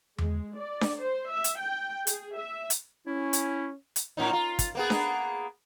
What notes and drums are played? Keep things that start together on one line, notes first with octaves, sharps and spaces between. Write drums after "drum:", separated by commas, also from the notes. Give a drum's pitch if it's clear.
G#3, drum: tom E2
D5
drum: snare D4
C5
E5
drum: hi-hat
G5
G#4, drum: hi-hat
E5
drum: hi-hat
C#4 E4
drum: hi-hat
drum: hi-hat
A2 C#4 D#4
F4
drum: kick, hi-hat
A#3 B3 G#4
drum: snare D4